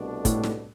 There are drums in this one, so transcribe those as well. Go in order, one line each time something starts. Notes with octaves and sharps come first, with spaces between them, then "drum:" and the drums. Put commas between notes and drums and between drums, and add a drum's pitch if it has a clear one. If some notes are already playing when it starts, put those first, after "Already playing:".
Already playing: C2 B2 A3 D4
A2, drum: kick, hi-hat
drum: snare